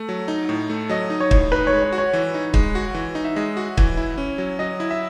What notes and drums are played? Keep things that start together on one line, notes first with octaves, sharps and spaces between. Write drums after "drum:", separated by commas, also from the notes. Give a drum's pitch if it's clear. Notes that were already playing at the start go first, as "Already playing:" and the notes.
Already playing: A3
F#3
D#4
A2
A3
F#3 D#5
D#4
C#5
A2, drum: kick
D#4 B4
C#5
G#3
C#5
F#4
C#5
E3
D#4
G#3, drum: kick
F#4
E3
D#4
E5
G#3 D#5
F#4
E3, drum: kick
E4
C#4
F#3
F#3 D#5
E4
E5